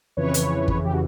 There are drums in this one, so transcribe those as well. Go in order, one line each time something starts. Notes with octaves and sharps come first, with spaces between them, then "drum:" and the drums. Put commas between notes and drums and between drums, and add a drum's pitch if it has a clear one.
F2 C#3 E3 B4 C#5
drum: hi-hat
drum: kick G1
G4
F#4